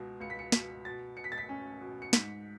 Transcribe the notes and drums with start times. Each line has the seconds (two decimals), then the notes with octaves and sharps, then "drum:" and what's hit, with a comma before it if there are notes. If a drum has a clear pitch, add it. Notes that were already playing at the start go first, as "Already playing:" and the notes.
Already playing: C#2 B2
0.20 C#2 C#7
0.30 B6
0.39 C#7
0.52 B2 B6, drum: snare
0.85 B2 A6
1.17 B2 C#7
1.24 B6
1.32 A6
1.38 B6
1.49 C#4
1.81 B2
2.02 C#7
2.13 G#2 B6, drum: snare